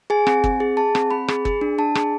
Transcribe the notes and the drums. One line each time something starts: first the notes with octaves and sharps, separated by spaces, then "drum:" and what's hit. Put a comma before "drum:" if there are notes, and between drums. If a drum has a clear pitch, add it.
G#4 G#5
C4, drum: rim click
C4, drum: kick
G#4
G#4 A5
C4, drum: rim click
C4 B5
G#4, drum: rim click
G#4, drum: kick
D4
D4 A5
G#4, drum: rim click